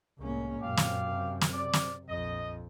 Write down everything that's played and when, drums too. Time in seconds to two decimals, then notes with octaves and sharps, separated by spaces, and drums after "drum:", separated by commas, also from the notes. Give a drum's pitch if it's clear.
0.18 C2 A2 G#3 A#3 C#4
0.61 F#2 A#2 G4 F5
0.77 drum: snare
1.10 C3
1.41 drum: snare
1.52 D5
1.73 drum: snare
2.09 A#1 F2 D#5